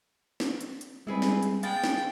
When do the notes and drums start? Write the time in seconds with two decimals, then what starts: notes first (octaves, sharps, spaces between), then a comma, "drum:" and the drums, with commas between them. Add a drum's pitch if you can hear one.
0.40 drum: snare
0.61 drum: hi-hat
0.81 drum: hi-hat
1.07 G3 G#3 C4 E4 G#4 B4
1.22 drum: snare
1.43 drum: hi-hat
1.63 G#3 B3 F5 G5 A6, drum: hi-hat
1.84 drum: snare